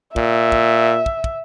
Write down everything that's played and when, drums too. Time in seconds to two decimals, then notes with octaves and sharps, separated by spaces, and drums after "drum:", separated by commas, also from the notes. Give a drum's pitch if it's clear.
0.16 A#2 E5, drum: kick
0.52 drum: kick
1.06 drum: kick
1.24 drum: kick